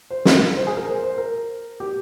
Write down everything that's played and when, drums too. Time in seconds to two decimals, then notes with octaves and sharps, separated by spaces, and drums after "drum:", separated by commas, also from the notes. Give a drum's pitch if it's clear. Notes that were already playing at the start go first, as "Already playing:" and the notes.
0.10 C5
0.25 drum: snare
0.56 C5
0.67 G#4
0.77 A#4
0.88 C5
1.03 C5
1.18 A#4
1.80 G4